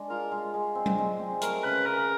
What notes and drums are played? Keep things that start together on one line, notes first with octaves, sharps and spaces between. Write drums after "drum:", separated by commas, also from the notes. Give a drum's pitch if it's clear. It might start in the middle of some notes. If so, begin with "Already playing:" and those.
Already playing: G#3 D4
F4 A#4
G#3
G#3
C4
drum: tom F#3
G#3
C4
A3 A#4, drum: hi-hat
C#3 B4
C#3 A#4